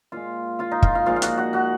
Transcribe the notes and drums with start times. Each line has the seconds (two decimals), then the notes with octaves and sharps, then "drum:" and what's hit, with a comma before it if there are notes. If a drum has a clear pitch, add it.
0.12 A#2 G#3 F4 F5
0.59 F4 F5
0.71 D#4 D#5
0.82 F4 F5, drum: kick
0.95 F4 F5
1.06 A#2 F3 G#3 F4 F5
1.16 F5
1.22 F#4 F#5, drum: hi-hat
1.37 F#4 F#5
1.53 F#4 F#5